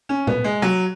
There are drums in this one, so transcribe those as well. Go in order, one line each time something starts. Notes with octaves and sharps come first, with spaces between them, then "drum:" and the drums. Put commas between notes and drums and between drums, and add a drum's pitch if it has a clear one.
C#4
B3, drum: tom A#2
G#3
F#3